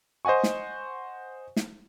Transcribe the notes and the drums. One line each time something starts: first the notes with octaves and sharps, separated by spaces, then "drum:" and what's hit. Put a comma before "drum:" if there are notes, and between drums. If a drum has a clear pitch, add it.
C5 D#5 F#5 G#5 C#6
drum: snare
drum: snare